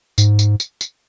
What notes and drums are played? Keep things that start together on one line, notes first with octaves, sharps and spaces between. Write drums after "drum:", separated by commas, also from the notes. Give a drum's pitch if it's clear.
G#2, drum: tambourine
drum: tambourine
drum: tambourine
drum: tambourine